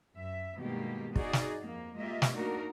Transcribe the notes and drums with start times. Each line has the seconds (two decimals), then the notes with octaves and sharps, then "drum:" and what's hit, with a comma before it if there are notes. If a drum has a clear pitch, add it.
0.17 F#2 E5
0.56 G2 B2 D#3 G#3 A#3 G4
1.16 D#4 F#4 G#4 D5, drum: kick
1.33 drum: snare
1.61 F2 A#3
1.97 G#3 A#3 F4 G4 D#5 E5
2.22 drum: snare
2.34 A3 A#3 D4 D#4 F#4 A#4